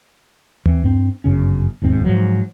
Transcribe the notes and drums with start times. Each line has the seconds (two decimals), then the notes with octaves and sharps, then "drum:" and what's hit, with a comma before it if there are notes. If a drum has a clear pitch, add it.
0.66 E3 C4, drum: tom D#2
0.84 G2 C4
1.24 G1 F#2 C#3 C#4
1.82 E1 D#2 G#2 C4
2.04 G#2 F3 F#3